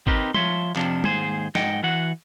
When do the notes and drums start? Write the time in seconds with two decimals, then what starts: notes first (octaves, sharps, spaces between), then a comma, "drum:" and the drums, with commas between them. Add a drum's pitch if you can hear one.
0.07 C4 D#4 G4 A#4 B4, drum: kick
0.34 F3 C#5 E5 C6, drum: tom
0.76 F2 C3 F3 D4, drum: clap
1.04 D#2 G#2 G#4 C5, drum: tom
1.55 G#2 D#5 F#5 G5, drum: snare
1.83 E3 F#4 F#5